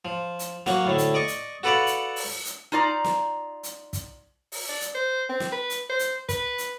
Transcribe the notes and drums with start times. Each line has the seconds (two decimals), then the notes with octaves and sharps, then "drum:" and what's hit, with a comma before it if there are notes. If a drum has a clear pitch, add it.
0.05 F3
0.39 drum: hi-hat
0.66 F#3 A#3 F#4, drum: snare
0.85 D2 A2 A3
0.98 drum: hi-hat
1.14 D5 D#5 C#6
1.28 drum: hi-hat
1.63 F#4 A4 B4 D5 F5 F#5
1.87 drum: hi-hat
2.16 drum: open hi-hat
2.45 drum: hi-hat
2.72 D#4 F4 D5 A#5
3.04 drum: snare
3.63 drum: hi-hat
3.93 drum: kick, hi-hat
4.52 drum: open hi-hat
4.69 D5
4.81 drum: hi-hat
4.95 C5
5.29 C4
5.40 drum: snare
5.52 B4
5.70 drum: hi-hat
5.89 C5
5.99 drum: hi-hat
6.29 B4, drum: kick, hi-hat
6.58 drum: hi-hat